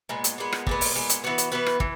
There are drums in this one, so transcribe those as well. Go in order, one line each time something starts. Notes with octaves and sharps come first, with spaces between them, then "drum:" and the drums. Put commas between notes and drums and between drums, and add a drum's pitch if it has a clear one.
A#2 G#3 B3
drum: hi-hat
A#2 G#3 B3
drum: rim click
A#2 G#3 B3, drum: kick
drum: open hi-hat
A#2 G#3 B3
drum: hi-hat
E3 B3 F#4 B4
drum: hi-hat
E3 B3 F#4 B4
drum: rim click
E3, drum: kick